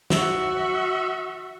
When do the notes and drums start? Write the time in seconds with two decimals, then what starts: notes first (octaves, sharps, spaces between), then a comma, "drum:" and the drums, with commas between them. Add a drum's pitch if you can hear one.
0.10 F#4 E5, drum: snare